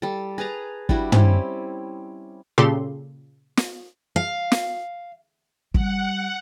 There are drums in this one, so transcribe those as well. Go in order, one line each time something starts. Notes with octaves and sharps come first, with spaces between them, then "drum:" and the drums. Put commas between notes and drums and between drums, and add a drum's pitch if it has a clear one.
G3 A4
G#4 B4 A5 A#5
G3 D4 E4 F#4, drum: kick
G3 C4 C#4 E4, drum: tom
A#2 C#3 G4 A4 C6
drum: snare
F5
drum: snare
G3 F#5, drum: kick